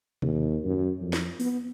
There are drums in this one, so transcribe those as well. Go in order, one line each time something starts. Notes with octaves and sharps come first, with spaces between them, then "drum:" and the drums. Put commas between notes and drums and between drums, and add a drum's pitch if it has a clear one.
D#2, drum: tom B2
F#2
F2
drum: snare
B3, drum: open hi-hat